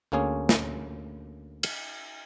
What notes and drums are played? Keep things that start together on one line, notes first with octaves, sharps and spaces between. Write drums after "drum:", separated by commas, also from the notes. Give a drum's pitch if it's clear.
D2 A#3 C#4 G#4 C#5
drum: snare
drum: cymbal